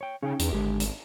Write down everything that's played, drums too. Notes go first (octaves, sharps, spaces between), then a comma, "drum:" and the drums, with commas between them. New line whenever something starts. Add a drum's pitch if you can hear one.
C#5 G5
C#3 C#4 D#4 G5
E2, drum: hi-hat
G#1 D3 G#3 G4
drum: hi-hat